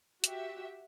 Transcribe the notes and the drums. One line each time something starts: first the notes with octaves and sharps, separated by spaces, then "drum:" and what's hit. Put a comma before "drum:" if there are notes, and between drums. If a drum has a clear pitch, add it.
F#4 G4 E5, drum: hi-hat